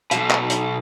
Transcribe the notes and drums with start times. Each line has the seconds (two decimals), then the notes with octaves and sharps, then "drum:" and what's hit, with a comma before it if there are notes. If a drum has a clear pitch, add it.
0.11 B1 B2, drum: hi-hat
0.31 drum: clap
0.50 drum: hi-hat